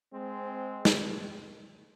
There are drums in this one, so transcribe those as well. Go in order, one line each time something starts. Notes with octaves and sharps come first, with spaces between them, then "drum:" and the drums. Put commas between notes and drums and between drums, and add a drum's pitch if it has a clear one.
G#3 C4
drum: snare